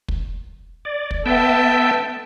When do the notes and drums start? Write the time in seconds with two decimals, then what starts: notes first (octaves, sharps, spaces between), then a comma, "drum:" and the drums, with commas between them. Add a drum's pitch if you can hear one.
0.08 drum: kick
0.85 D5
1.11 drum: kick
1.26 B3 A4 E5 G5